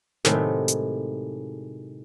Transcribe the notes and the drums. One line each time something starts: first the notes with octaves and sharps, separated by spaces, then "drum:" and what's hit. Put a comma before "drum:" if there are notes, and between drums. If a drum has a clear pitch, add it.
A2 C3 D#3 F#3 G#3 A3, drum: snare
drum: hi-hat